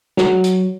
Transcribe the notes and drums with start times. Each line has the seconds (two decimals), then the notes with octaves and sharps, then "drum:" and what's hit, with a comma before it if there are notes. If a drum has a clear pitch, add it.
0.17 F#3, drum: snare
0.44 drum: hi-hat